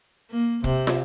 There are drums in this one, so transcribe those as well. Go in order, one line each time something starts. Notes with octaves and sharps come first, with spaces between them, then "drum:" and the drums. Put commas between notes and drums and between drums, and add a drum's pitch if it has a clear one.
A#3
C3, drum: kick
drum: snare